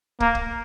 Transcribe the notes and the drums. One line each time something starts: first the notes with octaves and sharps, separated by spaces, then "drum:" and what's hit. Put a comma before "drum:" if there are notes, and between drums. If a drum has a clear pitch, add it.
A#3, drum: kick
drum: kick